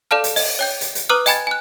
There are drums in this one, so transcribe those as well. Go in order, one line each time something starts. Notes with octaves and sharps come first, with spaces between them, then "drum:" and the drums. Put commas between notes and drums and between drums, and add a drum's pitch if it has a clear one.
A4 D5 F5 A5 F6
drum: hi-hat
D#5, drum: open hi-hat
C#5 G5 G6
drum: hi-hat
drum: hi-hat
B4 A#5 D6 D#6 F6 F#6
D#5 G5 G#5 B5 G#6 A6, drum: hi-hat
G#5 F#6